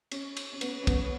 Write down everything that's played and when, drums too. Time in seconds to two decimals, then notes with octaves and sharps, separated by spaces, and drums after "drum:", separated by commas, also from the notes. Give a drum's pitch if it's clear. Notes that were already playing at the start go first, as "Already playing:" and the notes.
0.11 C#4, drum: cymbal
0.37 drum: cymbal
0.53 C#4
0.61 B3, drum: cymbal
0.83 C#4
0.87 B3, drum: kick, cymbal